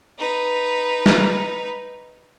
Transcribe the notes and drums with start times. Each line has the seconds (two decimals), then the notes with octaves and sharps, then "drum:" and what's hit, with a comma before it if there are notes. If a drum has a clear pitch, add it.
0.18 D#4 B4
1.06 drum: snare